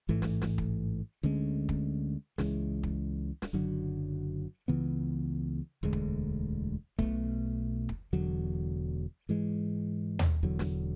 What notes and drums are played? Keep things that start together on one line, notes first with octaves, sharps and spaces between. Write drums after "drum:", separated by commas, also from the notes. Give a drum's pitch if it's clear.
A1 G#2 E3 A3
drum: snare
drum: snare
drum: kick
D2 D3 G#3 C#4
drum: kick
C#2 C#3 E3 G#3, drum: snare
drum: kick
drum: snare
F#1 F#2 D3 F#3
C#2 C#3 E3 B3
E1 D2 D3 G#3
drum: kick
B1 B2 A3, drum: kick
drum: kick
E1 E2 D3 F#3
G#2 E3 G#3
drum: tom D#2
E1 E2 D3 F#3
drum: snare